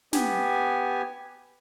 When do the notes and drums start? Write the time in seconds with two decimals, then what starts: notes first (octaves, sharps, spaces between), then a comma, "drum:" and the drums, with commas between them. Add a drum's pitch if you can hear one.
0.13 B3 G4 G#5, drum: snare